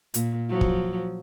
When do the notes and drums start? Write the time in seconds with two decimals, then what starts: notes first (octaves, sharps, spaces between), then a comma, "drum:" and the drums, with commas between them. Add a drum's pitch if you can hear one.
0.14 A#2, drum: hi-hat
0.49 F3 F#3
0.61 drum: kick